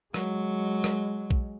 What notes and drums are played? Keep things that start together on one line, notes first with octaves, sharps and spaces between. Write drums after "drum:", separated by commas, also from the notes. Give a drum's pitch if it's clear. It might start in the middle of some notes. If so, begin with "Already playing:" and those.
F#3 G#3, drum: rim click
drum: rim click
drum: kick A#1